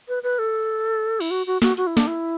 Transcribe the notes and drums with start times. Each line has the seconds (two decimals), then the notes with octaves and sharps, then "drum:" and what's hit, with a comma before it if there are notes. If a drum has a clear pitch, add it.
0.08 B4
0.23 B4
0.39 A4
1.20 E4, drum: cymbal
1.31 F#4
1.47 F#4
1.62 F#4, drum: snare
1.77 F#4, drum: hi-hat
1.87 E4
1.97 D4, drum: snare
2.07 E4